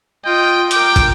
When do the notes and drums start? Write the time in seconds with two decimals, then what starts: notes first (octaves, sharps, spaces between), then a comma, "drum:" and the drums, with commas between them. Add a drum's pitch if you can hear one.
0.25 F4 D#5 G5
0.71 A#4 G5 D6, drum: hi-hat
0.96 drum: kick, hi-hat